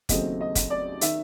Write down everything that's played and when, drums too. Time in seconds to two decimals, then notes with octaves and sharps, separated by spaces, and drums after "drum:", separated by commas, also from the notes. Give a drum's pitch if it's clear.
0.09 D#2 C#3 F#3 A3 C4 D#5, drum: kick, hi-hat
0.41 D#5
0.55 drum: kick, hi-hat
0.70 D5
1.01 D#3 E5, drum: hi-hat